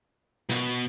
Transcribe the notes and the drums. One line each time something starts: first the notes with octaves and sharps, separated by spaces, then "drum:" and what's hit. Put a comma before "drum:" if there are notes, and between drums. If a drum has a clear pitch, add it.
B2, drum: snare
drum: hi-hat